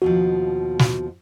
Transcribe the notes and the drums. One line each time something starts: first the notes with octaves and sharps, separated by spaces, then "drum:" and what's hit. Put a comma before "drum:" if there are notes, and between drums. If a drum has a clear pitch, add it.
D#2 B2 F3 F#4
drum: snare